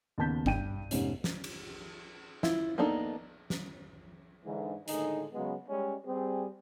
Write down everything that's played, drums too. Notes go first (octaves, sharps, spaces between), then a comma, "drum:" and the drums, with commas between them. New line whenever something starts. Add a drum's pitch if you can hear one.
D#2 C#3 B3 A5 G6 B6
G2 G5 D#7, drum: kick G1
F2 G#2 C3 B3 C#4, drum: hi-hat
drum: snare
drum: cymbal
E4 F4, drum: snare
A#3 B3 D4 D#4 A4
drum: snare
G#2 D3 E3
A2 D3 D#3 G#3 D#4 G#4, drum: hi-hat
C#3 F#3 G#3 B3
G3 G#3 C#4
G3 C4 G#4